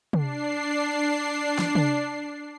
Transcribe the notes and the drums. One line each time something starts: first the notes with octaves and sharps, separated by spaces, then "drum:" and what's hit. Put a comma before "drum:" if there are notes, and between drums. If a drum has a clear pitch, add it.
D4 C7, drum: tom
drum: snare
drum: tom